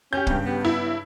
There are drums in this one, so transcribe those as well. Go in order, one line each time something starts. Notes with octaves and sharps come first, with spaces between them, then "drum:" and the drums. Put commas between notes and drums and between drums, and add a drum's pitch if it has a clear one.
C#4 G4 G6
G2 C#3, drum: kick
B3
E4